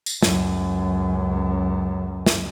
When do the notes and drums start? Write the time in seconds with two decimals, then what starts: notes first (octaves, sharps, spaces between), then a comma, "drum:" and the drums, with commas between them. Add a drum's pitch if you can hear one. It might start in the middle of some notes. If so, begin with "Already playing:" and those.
0.06 drum: tambourine
0.23 C#2 F#2, drum: snare
2.26 drum: snare